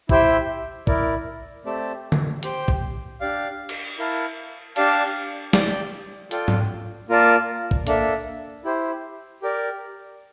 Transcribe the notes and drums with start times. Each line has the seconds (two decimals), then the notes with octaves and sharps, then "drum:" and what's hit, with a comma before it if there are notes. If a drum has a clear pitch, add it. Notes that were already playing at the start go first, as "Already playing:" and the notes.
0.09 E4 G4 C5 E5 G5, drum: kick
0.87 E4 A#4 D5, drum: kick
1.65 A3 C4 G4 D5 A5
2.12 drum: tom
2.43 G4 C5 G5, drum: hi-hat
2.68 drum: kick
3.21 D4 G4 D5 F5
3.69 drum: cymbal
3.98 E4 A#4 F5 A5
4.76 D4 G4 D5 F5 A5, drum: cymbal
5.53 G4 D5 G5, drum: snare
6.31 F4 A4 D5 G5, drum: hi-hat
6.48 drum: tom G#2
7.09 A#3 F4 A#4 D5 A5
7.71 drum: kick
7.87 A#3 D4 A4 E5, drum: hi-hat
8.64 E4 G4 C5
9.42 G4 A#4 D5